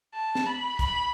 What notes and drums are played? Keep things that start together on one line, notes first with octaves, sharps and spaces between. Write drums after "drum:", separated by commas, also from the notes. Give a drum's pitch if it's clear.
A5
drum: snare
B5
B5, drum: kick, hi-hat